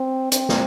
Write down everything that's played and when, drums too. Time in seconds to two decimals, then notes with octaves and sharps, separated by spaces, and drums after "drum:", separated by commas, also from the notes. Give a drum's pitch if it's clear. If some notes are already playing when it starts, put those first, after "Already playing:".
Already playing: C4
0.32 C4, drum: hi-hat
0.49 drum: snare